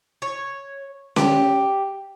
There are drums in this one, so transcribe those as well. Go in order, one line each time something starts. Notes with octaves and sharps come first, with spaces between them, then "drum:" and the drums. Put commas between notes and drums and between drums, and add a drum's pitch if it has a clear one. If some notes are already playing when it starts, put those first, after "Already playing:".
C#5
G4, drum: snare C#4